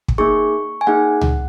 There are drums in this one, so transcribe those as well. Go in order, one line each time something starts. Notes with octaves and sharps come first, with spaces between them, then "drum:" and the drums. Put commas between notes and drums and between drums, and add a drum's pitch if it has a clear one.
drum: kick
A#3 D#4 G#4 C#6
G#5
A#3 D#4 G#4 F#5
drum: tom C#2